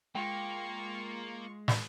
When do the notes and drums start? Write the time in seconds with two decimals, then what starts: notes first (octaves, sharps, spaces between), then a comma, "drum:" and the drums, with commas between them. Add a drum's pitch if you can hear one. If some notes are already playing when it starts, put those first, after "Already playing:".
0.15 G#3 A#3 F4 G5 C#6
1.68 drum: snare